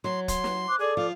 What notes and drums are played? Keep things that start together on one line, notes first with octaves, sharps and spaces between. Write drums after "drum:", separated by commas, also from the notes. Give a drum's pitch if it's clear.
F#3 C6
C6, drum: kick, hi-hat
drum: snare
C5 D6 F#6
G#4 A4 D5 D6
F3 F5